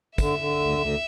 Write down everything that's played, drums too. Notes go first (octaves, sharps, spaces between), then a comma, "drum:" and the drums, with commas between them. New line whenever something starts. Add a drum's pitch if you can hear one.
D3 E5, drum: kick, tambourine
D3
D2
D2